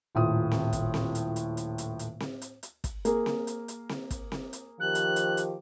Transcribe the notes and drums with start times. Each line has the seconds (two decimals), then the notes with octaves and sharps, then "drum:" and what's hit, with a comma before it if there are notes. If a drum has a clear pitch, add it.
0.15 D#1 A2 F4 D#6
0.51 drum: snare C4
0.73 drum: kick, hi-hat
0.94 drum: snare C4
1.15 drum: hi-hat
1.36 drum: hi-hat
1.57 drum: hi-hat
1.78 drum: hi-hat
1.99 drum: hi-hat
2.20 drum: snare C4
2.42 drum: hi-hat
2.63 drum: hi-hat
2.84 drum: kick, hi-hat
3.05 A#3 G#4 A#4, drum: hi-hat
3.26 drum: snare C4
3.47 drum: hi-hat
3.68 drum: hi-hat
3.89 drum: snare C4
4.10 drum: kick, hi-hat
4.32 drum: snare C4
4.53 drum: hi-hat
4.80 D#3 F3 G4 F#6
4.95 drum: hi-hat
5.16 drum: hi-hat
5.37 drum: hi-hat